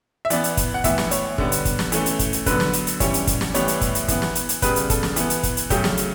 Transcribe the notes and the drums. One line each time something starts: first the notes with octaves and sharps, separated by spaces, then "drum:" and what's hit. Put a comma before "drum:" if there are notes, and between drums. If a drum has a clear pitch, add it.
E5
E3 B3 D5, drum: hi-hat
drum: hi-hat
drum: kick, hi-hat
F#5
A2 E3 B3 E5, drum: kick, hi-hat
drum: snare
C#5, drum: hi-hat
D3 G3 B3, drum: kick
drum: hi-hat
drum: kick, hi-hat
drum: snare
E3 A3 C#4, drum: hi-hat
drum: hi-hat
drum: kick, hi-hat
drum: hi-hat
D3 F#3 B3 B4, drum: kick, hi-hat
drum: snare
drum: hi-hat
drum: hi-hat
E3 G3 C#4 C#5, drum: kick, hi-hat
drum: hi-hat
drum: kick, hi-hat
drum: snare
A2 E3 G3 B3 C#5, drum: hi-hat
drum: hi-hat
drum: kick, hi-hat
drum: hi-hat
E3 B3, drum: kick, hi-hat
drum: snare
drum: hi-hat
drum: hi-hat
C#3 G3 B3 B4, drum: kick, hi-hat
drum: hi-hat
A4, drum: kick, hi-hat
drum: snare
E3 B3, drum: hi-hat
drum: hi-hat
drum: kick, hi-hat
drum: hi-hat
C#3 F#3 A3 C#4 G4, drum: kick, hi-hat
drum: snare
drum: hi-hat